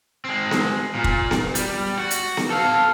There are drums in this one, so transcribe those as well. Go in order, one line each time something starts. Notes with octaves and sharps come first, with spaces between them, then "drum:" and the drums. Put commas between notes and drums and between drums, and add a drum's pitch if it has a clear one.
G#3 C4
drum: snare B3
A#2
drum: kick
drum: snare B3
G3, drum: hi-hat
F#4
drum: hi-hat
drum: snare B3
A4 F5